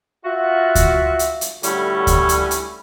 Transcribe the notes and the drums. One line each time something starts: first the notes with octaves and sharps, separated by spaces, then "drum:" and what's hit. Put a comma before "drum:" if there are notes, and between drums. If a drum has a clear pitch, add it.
F4 F#4 E5
drum: kick D2, hi-hat
drum: hi-hat
drum: hi-hat
A2 D3 G3 C#4 E4 F#4, drum: hi-hat
drum: kick D2, hi-hat
drum: hi-hat
drum: hi-hat